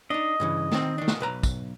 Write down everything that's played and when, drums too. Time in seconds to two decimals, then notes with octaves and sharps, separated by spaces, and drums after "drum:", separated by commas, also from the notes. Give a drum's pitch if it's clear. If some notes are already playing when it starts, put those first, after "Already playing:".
0.10 D4 D#4 D#5
0.40 G2 C#3 E3
0.72 D#3 C4, drum: snare
0.98 D#3 D4
1.07 drum: snare
1.20 B1 B4 A#5
1.43 drum: kick, tambourine